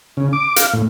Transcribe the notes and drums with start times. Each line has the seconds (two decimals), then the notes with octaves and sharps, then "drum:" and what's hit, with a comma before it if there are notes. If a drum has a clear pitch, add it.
0.17 C#3
0.33 D6
0.56 F5, drum: hi-hat
0.73 A2